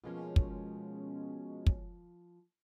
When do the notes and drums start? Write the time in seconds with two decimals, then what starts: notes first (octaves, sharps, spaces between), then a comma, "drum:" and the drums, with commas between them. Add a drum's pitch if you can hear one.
0.04 B2 F3 G#3 A#3 C#4 F4
0.36 drum: kick
1.67 drum: kick